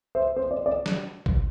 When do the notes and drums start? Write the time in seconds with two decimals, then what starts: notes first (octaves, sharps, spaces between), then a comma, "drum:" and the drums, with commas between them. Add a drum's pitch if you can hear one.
0.15 C5 E5
0.37 C5
0.51 D5
0.66 D5
0.86 drum: snare
1.26 drum: kick